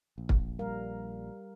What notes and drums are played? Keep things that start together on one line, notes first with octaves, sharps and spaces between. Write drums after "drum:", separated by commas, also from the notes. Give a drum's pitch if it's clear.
A#1
drum: kick
G3 A#4 F5